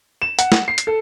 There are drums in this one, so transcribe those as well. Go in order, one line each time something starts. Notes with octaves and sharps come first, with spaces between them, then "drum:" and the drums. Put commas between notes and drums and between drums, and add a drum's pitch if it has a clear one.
E7
F#5, drum: hi-hat
drum: snare
C7
drum: hi-hat
A4